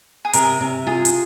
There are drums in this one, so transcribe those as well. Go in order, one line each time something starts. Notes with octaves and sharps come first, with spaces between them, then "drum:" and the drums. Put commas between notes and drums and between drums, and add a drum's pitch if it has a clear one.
G#4
C3 A#4, drum: hi-hat
C3
F4 G#4
drum: hi-hat